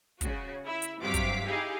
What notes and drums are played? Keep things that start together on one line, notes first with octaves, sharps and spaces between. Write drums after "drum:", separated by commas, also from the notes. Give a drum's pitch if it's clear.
C#3 F#4, drum: kick, hi-hat
E4 E5
drum: hi-hat
G2 C3 F#3 F5 D6 B6
drum: kick, hi-hat
D#4 E4 G4 G#4 F5